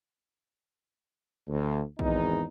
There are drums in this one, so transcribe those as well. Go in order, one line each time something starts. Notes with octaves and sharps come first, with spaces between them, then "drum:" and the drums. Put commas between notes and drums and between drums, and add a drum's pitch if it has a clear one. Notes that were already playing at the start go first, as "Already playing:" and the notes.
D2
G#1 E2 D#4, drum: kick A#1